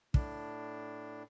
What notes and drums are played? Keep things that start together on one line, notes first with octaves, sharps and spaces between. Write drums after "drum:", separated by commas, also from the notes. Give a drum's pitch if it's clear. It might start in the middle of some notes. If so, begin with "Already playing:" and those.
A2 D4, drum: kick